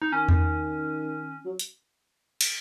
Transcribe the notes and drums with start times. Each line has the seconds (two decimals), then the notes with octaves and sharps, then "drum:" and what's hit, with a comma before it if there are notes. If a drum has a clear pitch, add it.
0.02 D#4
0.12 D#3 C#4
0.29 drum: tom E2
1.45 F#3
1.59 drum: hi-hat
2.41 drum: cymbal